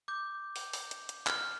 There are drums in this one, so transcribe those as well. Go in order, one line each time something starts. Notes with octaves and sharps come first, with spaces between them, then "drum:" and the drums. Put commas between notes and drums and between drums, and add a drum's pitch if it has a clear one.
D6 G6
drum: open hi-hat
drum: open hi-hat
drum: hi-hat
drum: hi-hat
F6, drum: clap